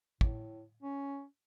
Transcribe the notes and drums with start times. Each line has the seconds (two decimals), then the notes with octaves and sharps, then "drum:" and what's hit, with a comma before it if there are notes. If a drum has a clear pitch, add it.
0.21 A2, drum: kick
0.83 C#4